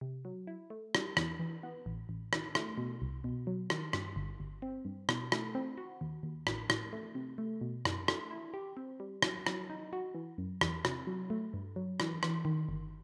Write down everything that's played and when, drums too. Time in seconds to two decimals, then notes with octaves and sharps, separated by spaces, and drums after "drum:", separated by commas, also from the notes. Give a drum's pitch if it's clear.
0.01 C3
0.25 F#3
0.47 E4
0.70 A3
0.95 G3, drum: rim click
1.17 E2, drum: rim click
1.39 E3
1.63 B3
1.86 A1
2.09 A1
2.33 D#3, drum: rim click
2.55 A3, drum: rim click
2.78 B2
3.02 C2
3.24 B2
3.47 F#3
3.70 D#3, drum: rim click
3.93 G2, drum: rim click
4.16 G1
4.40 G1
4.62 C4
4.85 G2
5.09 B2, drum: rim click
5.32 A3, drum: rim click
5.55 C4
5.78 F#4
6.01 D#2
6.23 D#2
6.47 A1, drum: rim click
6.70 A2, drum: rim click
6.93 A3
7.15 C3
7.38 A3
7.61 B2
7.85 F#2, drum: rim click
8.08 A3, drum: rim click
8.31 E4
8.54 G4
8.77 C4
9.00 G3
9.22 F#3, drum: rim click
9.47 F#3, drum: rim click
9.70 D#4
9.93 F#4
10.15 E3
10.38 F#2
10.61 E2, drum: rim click
10.85 C3, drum: rim click
11.07 F#3
11.30 A3
11.54 G2
11.76 F#3
12.00 E3, drum: rim click
12.23 E3, drum: rim click
12.45 D#3
12.69 G1